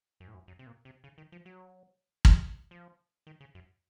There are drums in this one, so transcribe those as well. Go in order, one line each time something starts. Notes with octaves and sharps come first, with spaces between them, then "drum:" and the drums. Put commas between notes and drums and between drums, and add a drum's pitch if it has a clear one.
F#2
A2
F#2
F#2
C3
A#2
C3
C#3
D#3
F3
F#3
drum: kick
F3
D#3
C#3
F#2